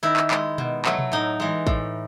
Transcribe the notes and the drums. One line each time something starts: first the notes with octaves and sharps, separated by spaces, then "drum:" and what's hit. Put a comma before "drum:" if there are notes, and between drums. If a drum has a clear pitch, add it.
D#3 E4
drum: clap
G#3, drum: clap
B2, drum: tom B2
F#3 A3, drum: clap
drum: tom B2
A2 D#4
E3 G#3
A2, drum: kick A1